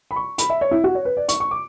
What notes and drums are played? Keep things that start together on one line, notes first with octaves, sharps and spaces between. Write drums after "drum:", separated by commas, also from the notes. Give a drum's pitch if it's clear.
B5
C#6
B5, drum: hi-hat
E5
C#5
E4
F#4
C#5
B4
D5
C#6, drum: hi-hat
C#6
D6